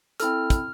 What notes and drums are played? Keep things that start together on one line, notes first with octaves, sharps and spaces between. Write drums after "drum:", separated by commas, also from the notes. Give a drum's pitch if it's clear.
C4 E4 A4 F6, drum: hi-hat
drum: kick, hi-hat